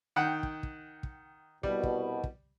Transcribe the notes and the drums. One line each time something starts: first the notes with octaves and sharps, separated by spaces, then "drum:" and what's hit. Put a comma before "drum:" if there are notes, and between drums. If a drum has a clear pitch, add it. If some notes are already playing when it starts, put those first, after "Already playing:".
D#3 F#5 G5
drum: kick
drum: kick
drum: kick
C2 B2 G3, drum: kick
drum: kick
drum: kick